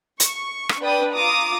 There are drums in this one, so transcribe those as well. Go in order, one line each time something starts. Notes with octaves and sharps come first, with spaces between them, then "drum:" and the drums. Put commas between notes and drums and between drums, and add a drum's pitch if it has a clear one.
C#6, drum: hi-hat
drum: rim click
D4 B4 D5 G5 D#6
F4 A#5 D6 D#6